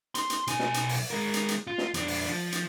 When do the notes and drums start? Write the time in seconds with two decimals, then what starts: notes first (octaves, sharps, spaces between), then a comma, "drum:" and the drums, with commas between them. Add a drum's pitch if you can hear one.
0.15 C6, drum: hi-hat
0.30 drum: hi-hat
0.47 B1 G#5, drum: hi-hat
0.59 drum: snare
0.74 drum: hi-hat
0.89 drum: open hi-hat
1.11 G#3 A#4
1.34 drum: hi-hat
1.48 drum: hi-hat
1.67 F4
1.78 drum: snare
1.94 F2 D4, drum: hi-hat
2.08 drum: open hi-hat
2.29 F3
2.52 drum: hi-hat